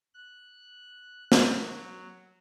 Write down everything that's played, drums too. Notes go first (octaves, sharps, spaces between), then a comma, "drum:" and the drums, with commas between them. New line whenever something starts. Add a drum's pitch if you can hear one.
F#6
drum: snare
F#3